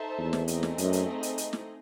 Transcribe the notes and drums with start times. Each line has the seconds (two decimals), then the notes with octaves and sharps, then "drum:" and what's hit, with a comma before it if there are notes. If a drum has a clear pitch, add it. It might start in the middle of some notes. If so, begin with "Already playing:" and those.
Already playing: D#4 A4 C5 E5 A5
0.18 E2
0.33 drum: snare
0.48 A3 C4 D#4 G#4 D#5, drum: hi-hat
0.63 drum: snare
0.78 F#2, drum: hi-hat
0.93 drum: hi-hat
1.23 drum: hi-hat
1.38 drum: hi-hat
1.53 drum: snare